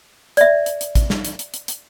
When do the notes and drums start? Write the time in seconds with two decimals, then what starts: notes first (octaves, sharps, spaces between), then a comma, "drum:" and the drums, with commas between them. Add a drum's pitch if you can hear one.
0.37 D5 E5, drum: hi-hat
0.66 drum: hi-hat
0.81 drum: hi-hat
0.95 drum: kick A1, hi-hat
1.10 drum: snare
1.25 drum: hi-hat
1.39 drum: hi-hat
1.54 drum: hi-hat
1.68 drum: hi-hat